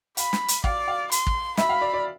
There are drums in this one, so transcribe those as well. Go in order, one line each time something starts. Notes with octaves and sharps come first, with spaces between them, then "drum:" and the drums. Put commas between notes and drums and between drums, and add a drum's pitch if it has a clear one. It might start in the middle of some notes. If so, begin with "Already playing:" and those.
F5 B5, drum: hi-hat
drum: snare
drum: hi-hat
D5 F5, drum: kick
F5
C6, drum: hi-hat
drum: kick
E5 B5, drum: snare
F5
D5
D5